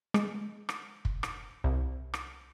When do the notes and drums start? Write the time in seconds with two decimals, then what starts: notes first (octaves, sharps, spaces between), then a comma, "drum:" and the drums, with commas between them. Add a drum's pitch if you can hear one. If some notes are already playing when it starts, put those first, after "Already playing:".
0.14 G#3, drum: rim click
0.69 drum: rim click
1.05 drum: kick
1.23 drum: rim click
1.64 C2
2.14 drum: rim click